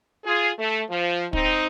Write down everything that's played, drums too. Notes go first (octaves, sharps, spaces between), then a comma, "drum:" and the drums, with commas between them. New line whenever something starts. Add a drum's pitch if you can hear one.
F4 G#4
A3
F3
C4 D#4, drum: kick